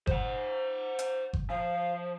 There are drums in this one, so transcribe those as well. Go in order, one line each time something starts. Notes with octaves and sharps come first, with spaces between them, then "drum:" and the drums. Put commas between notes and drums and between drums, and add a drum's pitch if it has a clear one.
C5 F#5, drum: kick G1
drum: hi-hat
drum: kick G1
F3 F5